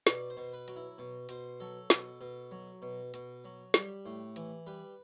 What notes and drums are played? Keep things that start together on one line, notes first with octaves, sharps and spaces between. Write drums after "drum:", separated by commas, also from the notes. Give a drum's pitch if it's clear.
B2 D5, drum: snare
C5
B2
B4
F#3, drum: hi-hat
E4
B2
B2 C5, drum: hi-hat
F#3 A4
B2, drum: snare
B2
F#3
B2
B2, drum: hi-hat
F#3
G3 G4, drum: snare
A2
E3, drum: hi-hat
G3 B4